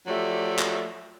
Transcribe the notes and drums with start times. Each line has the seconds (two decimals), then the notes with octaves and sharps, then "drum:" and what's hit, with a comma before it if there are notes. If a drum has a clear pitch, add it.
0.07 F3 F#3 A3 G4 D5 E5
0.59 drum: clap